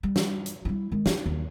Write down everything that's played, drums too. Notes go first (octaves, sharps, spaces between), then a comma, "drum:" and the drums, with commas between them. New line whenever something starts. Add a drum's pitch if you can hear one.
G3
drum: snare
drum: hi-hat
G3 E4
D#3 G#3
D#4, drum: snare
D#2